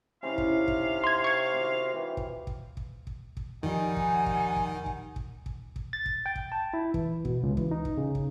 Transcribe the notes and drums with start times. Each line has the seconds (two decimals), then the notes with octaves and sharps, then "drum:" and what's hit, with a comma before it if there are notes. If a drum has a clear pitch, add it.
0.23 C3 C#4 D#4 E4 F5
0.38 drum: kick
0.68 drum: kick
1.04 C6 G#6
1.24 C#6 G#6
1.52 D#3 F#4 D6
1.94 E3 F4 G4
2.17 drum: kick
2.47 drum: kick
2.77 drum: kick
3.07 drum: kick
3.37 drum: kick
3.63 F2 D#3 F3 G3 D#4 F#5 G#5
3.96 drum: kick
4.26 drum: kick
4.56 drum: kick
4.86 drum: kick
5.16 drum: kick
5.46 drum: kick
5.76 drum: kick
5.93 A6
6.06 drum: kick
6.26 G5
6.36 drum: kick
6.52 A5
6.74 E4
6.94 E3, drum: kick
7.25 B2, drum: kick
7.43 C#2
7.57 E3, drum: kick
7.71 D#4
7.85 drum: kick
7.97 C#3
8.15 drum: kick